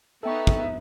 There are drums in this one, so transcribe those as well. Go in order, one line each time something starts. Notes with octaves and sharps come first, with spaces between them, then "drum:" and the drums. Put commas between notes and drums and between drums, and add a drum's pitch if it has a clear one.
B3 D#4 A4 E5 G5 C#6
drum: kick